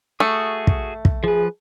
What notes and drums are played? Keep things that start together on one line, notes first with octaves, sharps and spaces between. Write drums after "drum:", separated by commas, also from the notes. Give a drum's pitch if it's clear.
A3 F#4 G#4 D#6
drum: kick
drum: kick
F3 G#4 B4